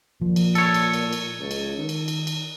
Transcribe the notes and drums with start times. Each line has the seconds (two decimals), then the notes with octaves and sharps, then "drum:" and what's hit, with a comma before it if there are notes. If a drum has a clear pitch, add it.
0.21 A#2 F3
0.36 drum: cymbal
0.55 A4 C#5, drum: cymbal
0.74 drum: cymbal
0.93 drum: cymbal
1.13 drum: cymbal
1.40 C#2
1.51 drum: cymbal
1.78 D#3
1.89 drum: cymbal
2.08 drum: cymbal
2.27 drum: cymbal